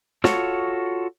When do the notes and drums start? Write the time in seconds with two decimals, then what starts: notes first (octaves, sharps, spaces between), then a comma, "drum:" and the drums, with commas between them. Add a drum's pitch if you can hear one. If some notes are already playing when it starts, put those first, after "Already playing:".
0.24 F4 F#4 A4 C#5, drum: snare